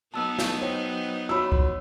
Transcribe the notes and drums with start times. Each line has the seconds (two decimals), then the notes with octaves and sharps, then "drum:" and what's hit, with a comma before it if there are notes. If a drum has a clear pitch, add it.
0.14 F#3 B3 D#4 A5 E6
0.39 drum: snare
0.61 C5 C#5 G5
1.29 F4 F#4 C#5 B5 E6
1.52 drum: kick C2